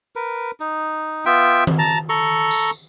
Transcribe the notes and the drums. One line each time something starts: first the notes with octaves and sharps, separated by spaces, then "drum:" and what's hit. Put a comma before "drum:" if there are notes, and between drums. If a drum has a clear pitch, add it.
A#4 B4
D#4
B3 F4 E5 G5
drum: tom D#3
A5 A#5
A4 A#5 C#6
drum: tambourine